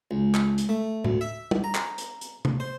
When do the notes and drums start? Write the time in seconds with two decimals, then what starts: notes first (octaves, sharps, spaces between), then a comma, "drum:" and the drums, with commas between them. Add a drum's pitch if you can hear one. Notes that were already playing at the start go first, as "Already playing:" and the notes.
0.11 C#2
0.35 drum: clap
0.58 drum: hi-hat
0.69 A3
1.05 D2, drum: tom A2
1.21 E5
1.51 drum: tom
1.64 A#5
1.75 drum: clap
1.98 drum: hi-hat
2.21 drum: hi-hat
2.45 drum: tom
2.60 C5